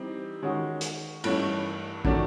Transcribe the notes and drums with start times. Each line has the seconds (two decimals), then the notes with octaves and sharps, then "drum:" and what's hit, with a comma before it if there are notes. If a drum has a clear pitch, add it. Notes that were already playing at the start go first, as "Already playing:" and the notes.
Already playing: E3 G3 C4 D#4
0.42 D#3 G#3 C#4 F#4
0.81 drum: hi-hat
1.24 G2 E3 A3 C#4, drum: cymbal
2.05 D#3 F#3 A3 D4, drum: kick